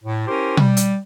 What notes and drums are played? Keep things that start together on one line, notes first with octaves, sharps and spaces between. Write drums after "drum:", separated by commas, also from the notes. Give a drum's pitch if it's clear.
A2
C#4 E4 G4 A#4 C5
G3, drum: tom B2
drum: hi-hat